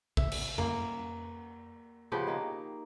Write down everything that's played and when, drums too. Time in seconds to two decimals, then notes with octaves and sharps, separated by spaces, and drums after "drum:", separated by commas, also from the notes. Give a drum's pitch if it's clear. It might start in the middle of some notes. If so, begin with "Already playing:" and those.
0.17 E5, drum: kick A1
0.32 drum: cymbal
0.58 A#3, drum: tom F2
2.12 C#3 F3 B3 G4
2.27 D#3 A#3